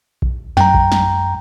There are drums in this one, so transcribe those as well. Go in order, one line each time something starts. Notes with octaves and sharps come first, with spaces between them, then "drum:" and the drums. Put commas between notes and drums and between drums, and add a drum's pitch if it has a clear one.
drum: kick A#1
F#2 G5 A#5, drum: snare
drum: kick A#1
drum: snare